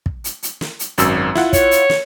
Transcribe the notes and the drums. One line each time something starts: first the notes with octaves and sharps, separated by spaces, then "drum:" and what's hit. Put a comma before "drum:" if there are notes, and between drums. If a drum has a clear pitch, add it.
drum: kick
drum: hi-hat
drum: hi-hat
drum: snare
drum: hi-hat
G#1 F#2 E6, drum: hi-hat
E4 F4 F#5, drum: snare
C#5, drum: kick, hi-hat
drum: hi-hat
drum: snare